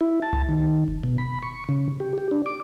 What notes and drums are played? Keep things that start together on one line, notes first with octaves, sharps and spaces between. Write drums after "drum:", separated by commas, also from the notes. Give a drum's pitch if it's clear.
E4
A5
drum: tom C2
D#3
drum: kick F1
B2
B5
C#6
C#3
G4
G4
D4
D6